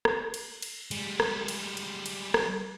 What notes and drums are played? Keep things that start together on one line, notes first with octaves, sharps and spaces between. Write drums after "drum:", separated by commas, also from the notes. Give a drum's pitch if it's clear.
drum: rim click
drum: cymbal
drum: cymbal
G3 G#3, drum: cymbal
drum: rim click
drum: cymbal
drum: cymbal
drum: cymbal
drum: rim click